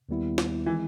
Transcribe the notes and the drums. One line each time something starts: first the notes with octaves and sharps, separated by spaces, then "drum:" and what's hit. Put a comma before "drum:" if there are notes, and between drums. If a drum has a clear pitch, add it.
D#2 D#3 G3 B3 E4
drum: snare
D#3 E3 G#3 C4